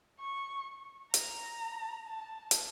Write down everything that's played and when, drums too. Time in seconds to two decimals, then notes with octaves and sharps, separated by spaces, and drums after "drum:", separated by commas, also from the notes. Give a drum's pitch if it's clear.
0.20 C#6
1.14 A#5, drum: hi-hat
2.07 A5
2.51 drum: hi-hat